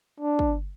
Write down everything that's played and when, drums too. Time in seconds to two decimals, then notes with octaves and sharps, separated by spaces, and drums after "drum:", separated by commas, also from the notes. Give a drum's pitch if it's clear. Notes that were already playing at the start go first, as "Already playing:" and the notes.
0.20 D4
0.39 drum: kick